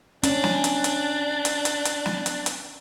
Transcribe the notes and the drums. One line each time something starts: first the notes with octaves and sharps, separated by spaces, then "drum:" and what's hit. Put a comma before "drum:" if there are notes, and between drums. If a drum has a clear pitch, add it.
C#4 D4, drum: hi-hat
drum: snare
drum: hi-hat
drum: hi-hat
drum: hi-hat
drum: hi-hat
drum: hi-hat
drum: snare
drum: hi-hat
drum: hi-hat